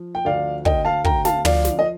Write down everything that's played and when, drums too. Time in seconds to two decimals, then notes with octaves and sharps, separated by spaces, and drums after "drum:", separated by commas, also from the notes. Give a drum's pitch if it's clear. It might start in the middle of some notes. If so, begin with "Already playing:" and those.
Already playing: F3
0.15 G5
0.25 D2 D5 F5
0.65 D2 D#5 G5, drum: kick
0.85 F5 A5
1.04 D2 G5 A#5, drum: kick
1.25 F5 A5, drum: snare
1.45 F3 D5 F5, drum: tom
1.65 drum: snare
1.79 D#5